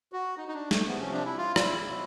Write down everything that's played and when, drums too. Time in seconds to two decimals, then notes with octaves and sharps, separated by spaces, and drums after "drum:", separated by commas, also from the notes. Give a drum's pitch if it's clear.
0.12 F#4
0.37 D#4
0.48 D#4
0.54 D4
0.71 A3, drum: snare
0.87 C3 F3 B3
1.00 C#4
1.12 D4
1.25 E4
1.38 F4
1.56 F4, drum: rim click
1.63 E4
1.88 B2 F#3